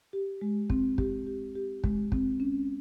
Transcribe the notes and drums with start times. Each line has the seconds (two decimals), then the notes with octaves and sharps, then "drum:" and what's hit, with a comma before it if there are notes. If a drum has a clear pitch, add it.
0.13 G4
0.41 G#3
0.70 C4, drum: kick
0.98 G4, drum: kick
1.27 G4
1.55 G4
1.84 G#3, drum: kick
2.12 C4, drum: kick
2.40 C#4